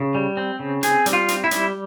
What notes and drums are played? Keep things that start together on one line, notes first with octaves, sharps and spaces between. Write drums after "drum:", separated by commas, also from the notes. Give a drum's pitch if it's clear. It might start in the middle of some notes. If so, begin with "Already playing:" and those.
Already playing: C#3
G3
C4
C#3
C4 G#4, drum: hi-hat
G3, drum: hi-hat
F4
C4, drum: hi-hat
E4
G3, drum: hi-hat